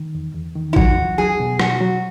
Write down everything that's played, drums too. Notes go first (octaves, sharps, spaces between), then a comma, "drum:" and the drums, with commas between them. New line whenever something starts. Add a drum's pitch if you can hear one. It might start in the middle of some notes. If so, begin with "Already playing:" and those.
Already playing: D#3
E2
E2
D#3
E4
F#3 F#4, drum: kick A1
E2
F#3 G#4
B2
F#3 F#4, drum: rim click
F#3